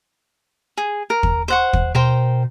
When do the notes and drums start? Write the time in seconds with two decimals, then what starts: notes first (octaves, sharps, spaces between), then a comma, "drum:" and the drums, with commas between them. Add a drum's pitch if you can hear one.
0.77 G#4
1.10 A#4
1.23 drum: kick
1.48 C5 F#5 C#6
1.73 drum: kick
1.95 B2 A#4 C5 G5